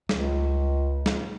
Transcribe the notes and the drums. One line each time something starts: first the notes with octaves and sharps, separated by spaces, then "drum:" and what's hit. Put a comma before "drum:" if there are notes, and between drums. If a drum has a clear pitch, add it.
C#2, drum: snare
drum: snare